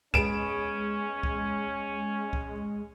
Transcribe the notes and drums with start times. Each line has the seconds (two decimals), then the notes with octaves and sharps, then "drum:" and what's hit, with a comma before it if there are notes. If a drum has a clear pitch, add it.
0.14 G#3 B3 C#4 G#4 D7 E7, drum: kick C2
1.23 drum: kick C2
2.33 drum: kick C2